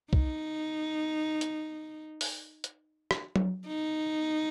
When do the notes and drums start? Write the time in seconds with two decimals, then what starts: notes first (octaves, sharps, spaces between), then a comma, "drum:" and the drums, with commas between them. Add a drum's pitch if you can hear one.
0.13 D#4, drum: kick
1.41 drum: hi-hat
2.21 drum: open hi-hat
2.64 drum: hi-hat
3.11 drum: rim click
3.36 drum: tom F#3
3.67 D#4